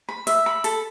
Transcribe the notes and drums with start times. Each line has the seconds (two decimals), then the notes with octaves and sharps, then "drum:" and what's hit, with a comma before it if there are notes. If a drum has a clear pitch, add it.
0.09 B5
0.27 E5, drum: hi-hat
0.46 B5
0.64 A4, drum: hi-hat